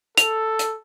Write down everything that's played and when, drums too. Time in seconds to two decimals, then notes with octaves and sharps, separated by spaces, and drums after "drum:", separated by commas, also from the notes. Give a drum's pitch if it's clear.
0.18 A4 F7, drum: hi-hat
0.59 drum: hi-hat